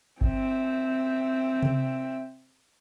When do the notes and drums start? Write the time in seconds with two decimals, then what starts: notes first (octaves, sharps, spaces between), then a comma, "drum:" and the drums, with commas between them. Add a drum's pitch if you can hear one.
0.21 C4 E5, drum: kick G1
1.62 drum: tom C3